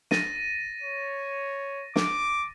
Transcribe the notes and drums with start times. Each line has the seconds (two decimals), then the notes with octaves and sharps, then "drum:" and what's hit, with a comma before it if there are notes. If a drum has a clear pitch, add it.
0.11 A6 A#6 D#7, drum: snare
0.82 C#5
1.96 D6, drum: snare